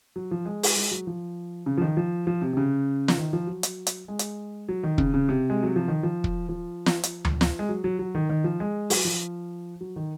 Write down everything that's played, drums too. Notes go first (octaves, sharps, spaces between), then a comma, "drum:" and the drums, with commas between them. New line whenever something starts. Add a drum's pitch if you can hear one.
F#3
F3
G#3
drum: open hi-hat
G#3
F#3
F3
C#3
F3
D#3
F3
F3
C3
C3
C#3
drum: snare
D#3
F3
F#3
drum: hi-hat
drum: hi-hat
G#3
drum: hi-hat
F#3
D#3
C#3, drum: kick
C#3
C3
G#3
F#3
F3
D#3
F3
drum: kick
F3
drum: snare
drum: hi-hat
drum: tom D2
drum: snare
G#3
F#3
F#3
F#3
D#3
D#3
F3
G#3
F#3, drum: open hi-hat
F3
F#3
D#3